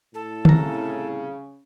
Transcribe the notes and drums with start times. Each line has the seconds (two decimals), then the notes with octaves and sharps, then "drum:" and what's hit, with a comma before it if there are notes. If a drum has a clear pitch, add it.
0.14 A2 A4
0.45 C2 C#3 A#5, drum: tom